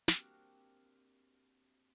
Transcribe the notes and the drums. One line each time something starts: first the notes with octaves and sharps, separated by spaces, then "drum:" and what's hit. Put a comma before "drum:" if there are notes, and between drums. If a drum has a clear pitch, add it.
A#3 C4 D4 F#4 G4 A#4, drum: snare